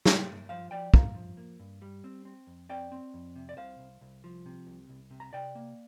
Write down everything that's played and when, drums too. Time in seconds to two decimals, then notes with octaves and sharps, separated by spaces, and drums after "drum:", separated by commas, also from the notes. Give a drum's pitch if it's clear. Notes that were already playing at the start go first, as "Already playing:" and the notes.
0.05 A#3 G4 C5, drum: snare
0.27 G2
0.49 F3 C5 F5
0.71 F3 D5 G5
0.94 G2 F5 A#5, drum: kick
1.15 F3
1.37 A#3
1.59 G2
1.82 G3
2.04 C4
2.25 C4
2.47 F2
2.69 C4 D5 G5
2.92 C4
3.14 F2
3.36 C3
3.49 D5
3.57 C2 C5 F5
3.79 C2
4.01 C2
4.24 F3
4.46 C3
4.67 C2
4.89 C2
5.11 C3
5.20 A#5
5.33 C3 D5 G5
5.55 A#3